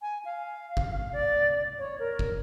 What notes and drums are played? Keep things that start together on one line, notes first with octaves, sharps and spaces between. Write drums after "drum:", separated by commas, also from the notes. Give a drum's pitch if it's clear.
G#5
F5
drum: kick
D5
C#5
A#4
drum: kick